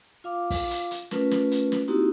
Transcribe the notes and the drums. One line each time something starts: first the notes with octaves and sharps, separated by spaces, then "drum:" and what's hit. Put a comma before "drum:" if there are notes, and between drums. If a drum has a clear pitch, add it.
F4 F5 D6
drum: kick, open hi-hat
drum: hi-hat
drum: hi-hat
A3 C#4 F4 A#4 B4, drum: snare
drum: snare
drum: hi-hat
drum: snare
A#3 C4 D#4 E4 F#4 G4